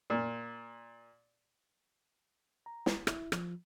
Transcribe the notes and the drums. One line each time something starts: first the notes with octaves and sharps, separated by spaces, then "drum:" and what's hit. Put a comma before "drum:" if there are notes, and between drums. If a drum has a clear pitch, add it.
A#2
A#5
drum: snare
E4, drum: rim click
F3, drum: rim click